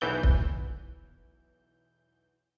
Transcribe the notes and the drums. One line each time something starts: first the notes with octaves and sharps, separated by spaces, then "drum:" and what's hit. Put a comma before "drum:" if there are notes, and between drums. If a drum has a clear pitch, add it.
B1 E2 E3 G6
drum: kick